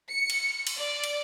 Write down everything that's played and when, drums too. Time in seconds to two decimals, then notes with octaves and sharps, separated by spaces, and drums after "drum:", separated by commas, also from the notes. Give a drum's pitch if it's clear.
0.11 C#7
0.30 drum: cymbal
0.67 drum: cymbal
0.77 D5
1.04 drum: cymbal